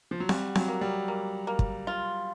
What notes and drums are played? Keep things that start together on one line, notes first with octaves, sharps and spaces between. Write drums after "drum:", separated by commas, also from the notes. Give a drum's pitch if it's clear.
F3
F#3
G3 F#4, drum: snare C4
F#3, drum: snare C4
A#3
G3
A#3
A#3
drum: kick
F4